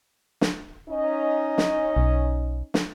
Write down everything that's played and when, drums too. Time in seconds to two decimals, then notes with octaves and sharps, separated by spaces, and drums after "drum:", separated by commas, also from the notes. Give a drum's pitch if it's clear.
0.41 drum: snare
0.89 C#4 D#4 D#5
1.58 drum: snare
1.97 B1
2.74 drum: snare